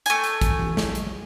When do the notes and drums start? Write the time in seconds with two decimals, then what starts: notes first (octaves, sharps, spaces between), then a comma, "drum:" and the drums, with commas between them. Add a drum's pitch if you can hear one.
0.06 A3 G#5, drum: hi-hat
0.24 drum: hi-hat
0.41 drum: kick, hi-hat
0.59 drum: tom E3
0.77 drum: snare
0.95 drum: hi-hat